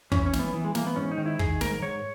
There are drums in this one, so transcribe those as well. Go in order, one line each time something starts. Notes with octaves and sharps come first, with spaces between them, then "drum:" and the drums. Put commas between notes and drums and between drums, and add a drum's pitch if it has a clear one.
E3 C#4, drum: kick
C#4
E3, drum: snare
B3
E3
G#3
E3 A#3, drum: snare
B3
G#2 C#4
D#4
D#3
E4
D#3 G#4, drum: kick
G#2 A#4, drum: snare
G#2 C#5